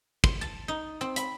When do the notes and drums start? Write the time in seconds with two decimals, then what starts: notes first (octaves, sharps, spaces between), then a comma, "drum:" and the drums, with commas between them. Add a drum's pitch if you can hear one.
0.24 C6, drum: kick
0.41 A5
0.68 D#4
1.01 C4
1.16 B5, drum: hi-hat